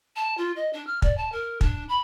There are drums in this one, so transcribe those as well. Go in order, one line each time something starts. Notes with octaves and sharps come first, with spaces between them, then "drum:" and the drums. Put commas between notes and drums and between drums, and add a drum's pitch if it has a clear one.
A5
F4
D#5
D4
F6
D5, drum: kick
A5
A#4
D4, drum: kick
B5